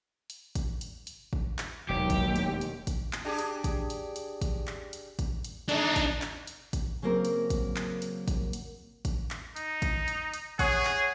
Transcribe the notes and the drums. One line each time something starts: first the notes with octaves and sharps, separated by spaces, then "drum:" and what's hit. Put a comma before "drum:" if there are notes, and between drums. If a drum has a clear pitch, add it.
drum: hi-hat
drum: kick, hi-hat
drum: hi-hat
drum: hi-hat
drum: kick
drum: clap
E1 D#2 F#3 G4
drum: kick, hi-hat
drum: hi-hat
drum: hi-hat
drum: kick, hi-hat
drum: clap
D4 G4 G#4
drum: hi-hat
drum: kick, hi-hat
drum: hi-hat
drum: hi-hat
drum: kick, hi-hat
drum: clap
drum: hi-hat
drum: kick, hi-hat
drum: hi-hat
G#3 D4 D#4, drum: hi-hat
drum: kick, hi-hat
drum: clap
drum: hi-hat
drum: kick, hi-hat
C#3 F#3 A#3 C4 A#4
drum: hi-hat
drum: kick, hi-hat
drum: clap
drum: hi-hat
drum: kick, hi-hat
drum: hi-hat
drum: kick, hi-hat
drum: clap
D#4, drum: hi-hat
drum: kick, hi-hat
drum: hi-hat
drum: hi-hat
G#4 C#5 F#5, drum: kick, hi-hat
drum: clap